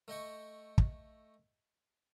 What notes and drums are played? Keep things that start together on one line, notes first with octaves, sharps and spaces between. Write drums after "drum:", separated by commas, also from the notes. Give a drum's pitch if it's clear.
A3 D#5 G5 C#6
drum: kick